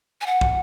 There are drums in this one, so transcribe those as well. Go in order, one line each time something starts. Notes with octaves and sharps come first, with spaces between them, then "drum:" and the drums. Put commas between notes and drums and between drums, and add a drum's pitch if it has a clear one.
G#5
F#5
drum: kick